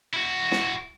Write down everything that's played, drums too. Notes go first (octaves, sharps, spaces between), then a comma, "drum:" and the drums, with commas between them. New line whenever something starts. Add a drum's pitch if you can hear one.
E4 F#4
drum: snare